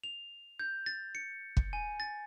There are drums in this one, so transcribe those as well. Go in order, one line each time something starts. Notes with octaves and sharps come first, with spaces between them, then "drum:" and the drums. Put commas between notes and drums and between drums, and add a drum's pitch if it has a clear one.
F7
G6
A6
C#7
drum: kick
G#5
A6